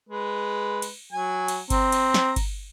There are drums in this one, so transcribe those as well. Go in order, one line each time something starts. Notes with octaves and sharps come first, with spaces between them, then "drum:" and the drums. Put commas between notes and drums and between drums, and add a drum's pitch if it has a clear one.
G#3 B4
drum: cymbal
F#3 G#5
drum: cymbal
C4 A#5, drum: kick G1, cymbal
drum: cymbal
drum: snare
drum: kick G1, cymbal